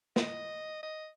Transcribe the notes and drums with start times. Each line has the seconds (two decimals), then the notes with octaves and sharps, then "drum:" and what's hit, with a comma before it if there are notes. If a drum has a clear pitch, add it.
0.16 D#5, drum: snare
0.83 D#5